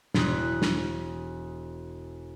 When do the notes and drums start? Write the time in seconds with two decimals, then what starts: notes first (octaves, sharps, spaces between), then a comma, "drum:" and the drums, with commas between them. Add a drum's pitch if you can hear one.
0.15 E1 D#6 F#6, drum: snare
0.62 drum: snare